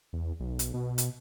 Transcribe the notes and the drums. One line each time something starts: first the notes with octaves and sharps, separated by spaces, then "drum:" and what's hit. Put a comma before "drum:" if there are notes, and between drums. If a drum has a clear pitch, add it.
E2
B1
drum: hi-hat
B2
drum: hi-hat